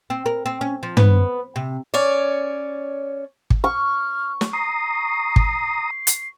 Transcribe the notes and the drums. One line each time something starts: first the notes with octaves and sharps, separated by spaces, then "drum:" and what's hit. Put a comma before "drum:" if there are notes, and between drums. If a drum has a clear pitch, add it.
C4
A#4
C4
C#4
F3
B3, drum: tom
C3
C#4 C#5 D5
drum: kick
C#6 F6
drum: snare
A#5 D#6 C7
drum: kick
drum: hi-hat